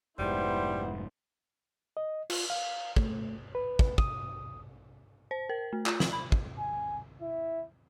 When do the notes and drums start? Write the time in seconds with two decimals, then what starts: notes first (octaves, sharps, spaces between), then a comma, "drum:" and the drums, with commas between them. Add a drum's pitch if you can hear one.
0.19 F1 G#2 G3 B3 E4 C5
1.97 D#5
2.30 F4, drum: cymbal
2.50 F5
2.96 A3, drum: kick
3.55 B4
3.79 drum: kick
3.98 D#6, drum: kick
5.31 C5
5.49 A#4
5.73 A3
5.86 F4, drum: clap
6.00 F#7, drum: snare
6.13 B5
6.32 drum: kick
6.58 G#5
7.22 E4